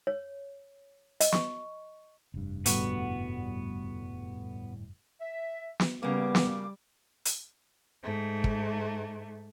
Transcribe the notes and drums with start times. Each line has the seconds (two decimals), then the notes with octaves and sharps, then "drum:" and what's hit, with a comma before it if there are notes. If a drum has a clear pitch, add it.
0.07 C#5
1.20 D#5, drum: hi-hat
1.32 C#6, drum: snare
2.34 F1 G2
2.66 A2 D3 G3 B3 F#4, drum: hi-hat
5.21 E5
5.80 drum: snare
6.03 C#3 G3 A#3 B3 D6
6.35 drum: snare
7.25 drum: hi-hat
8.01 G#2 A3
8.44 drum: kick